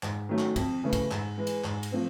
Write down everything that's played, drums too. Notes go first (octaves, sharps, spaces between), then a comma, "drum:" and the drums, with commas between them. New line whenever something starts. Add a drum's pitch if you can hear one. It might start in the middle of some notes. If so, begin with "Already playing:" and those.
G#2, drum: clap
D#3 F#3 A3 C#4
drum: clap
F2, drum: kick, cymbal
C#3 E3 A3
drum: kick, cymbal
G#2, drum: clap
E3 G#3
drum: cymbal
G#2, drum: clap
drum: cymbal
F3 A3 C4